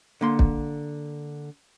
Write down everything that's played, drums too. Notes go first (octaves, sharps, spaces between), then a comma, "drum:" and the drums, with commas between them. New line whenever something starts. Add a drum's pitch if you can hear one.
D3 A#3 C6
drum: kick